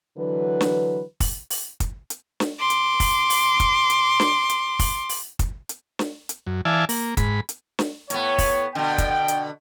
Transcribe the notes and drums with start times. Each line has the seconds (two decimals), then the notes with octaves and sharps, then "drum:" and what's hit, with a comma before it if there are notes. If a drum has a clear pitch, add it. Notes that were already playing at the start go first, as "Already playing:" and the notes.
0.18 D3 E3 F#3 B4
0.61 drum: snare
1.20 drum: kick, open hi-hat
1.50 drum: open hi-hat
1.80 drum: kick, hi-hat
2.10 drum: hi-hat
2.40 drum: snare
2.59 C6 D6
2.70 drum: hi-hat
3.00 drum: kick, open hi-hat
3.30 drum: open hi-hat
3.60 drum: kick, hi-hat
3.90 drum: hi-hat
4.20 drum: snare
4.50 drum: hi-hat
4.79 drum: kick, open hi-hat
5.09 drum: open hi-hat
5.39 drum: kick, hi-hat
5.69 drum: hi-hat
5.99 drum: snare
6.29 drum: hi-hat
6.47 F#2
6.65 E3 D5 E5 F5 G#5 A5
6.89 A#3, drum: open hi-hat
7.17 G#2 B5, drum: kick, hi-hat
7.49 drum: hi-hat
7.79 drum: snare
8.10 A2 B3 C#5, drum: hi-hat
8.38 drum: kick, open hi-hat
8.75 B2 D3 G5
8.98 drum: kick, hi-hat
9.28 drum: hi-hat